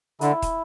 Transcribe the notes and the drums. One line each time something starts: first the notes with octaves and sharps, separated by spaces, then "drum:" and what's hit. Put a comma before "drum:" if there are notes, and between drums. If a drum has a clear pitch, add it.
D3 E4, drum: hi-hat
drum: kick, hi-hat